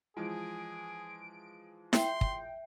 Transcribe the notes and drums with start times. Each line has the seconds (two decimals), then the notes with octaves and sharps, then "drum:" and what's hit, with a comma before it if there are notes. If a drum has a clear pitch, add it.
0.17 E3 F3 G#3 G#4 D7
1.93 E5 G5 C6, drum: snare E4
2.21 drum: kick